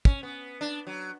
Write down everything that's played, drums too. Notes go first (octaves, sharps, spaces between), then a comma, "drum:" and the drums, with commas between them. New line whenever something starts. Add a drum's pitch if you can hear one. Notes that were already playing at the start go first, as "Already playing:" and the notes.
C#4, drum: kick
B3
D4
F#3